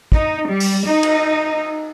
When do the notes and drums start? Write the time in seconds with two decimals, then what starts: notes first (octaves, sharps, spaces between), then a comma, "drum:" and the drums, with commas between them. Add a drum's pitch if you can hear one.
0.12 D#4, drum: kick
0.47 G3
0.60 drum: open hi-hat
0.84 D#4
1.03 drum: cymbal